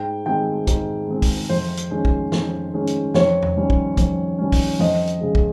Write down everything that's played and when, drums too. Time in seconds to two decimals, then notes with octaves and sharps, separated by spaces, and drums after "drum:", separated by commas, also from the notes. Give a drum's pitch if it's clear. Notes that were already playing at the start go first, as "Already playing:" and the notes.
Already playing: G#2 G5
0.26 D#3 G#3 C4 G5
0.67 G#2, drum: kick, hi-hat
1.08 D#3 G#3 C4
1.22 drum: kick, open hi-hat
1.49 F2 C5
1.77 drum: hi-hat
1.91 D#3 G#3 C#4
2.05 drum: kick
2.32 F2, drum: snare
2.73 D#3 G#3 C#4
2.87 drum: hi-hat
3.14 F2 C#5, drum: snare
3.42 drum: tom E2
3.56 D#3 G3 C#4
3.70 drum: kick
3.97 F2, drum: kick, hi-hat
4.39 D#3 G3 C#4
4.52 drum: kick, open hi-hat
4.79 F2 D#5
5.07 drum: hi-hat
5.21 C#3 G#3
5.35 drum: kick